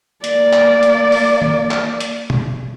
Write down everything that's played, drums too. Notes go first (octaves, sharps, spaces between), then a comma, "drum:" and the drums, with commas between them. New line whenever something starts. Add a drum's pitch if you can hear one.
A#3 D5, drum: hi-hat
drum: clap
drum: hi-hat
drum: open hi-hat
drum: tom
drum: clap
drum: hi-hat
drum: tom